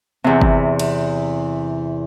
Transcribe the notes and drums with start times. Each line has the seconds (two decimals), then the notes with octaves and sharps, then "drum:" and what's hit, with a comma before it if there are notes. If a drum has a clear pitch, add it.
0.24 E2 C3
0.41 drum: kick G1
0.79 drum: cymbal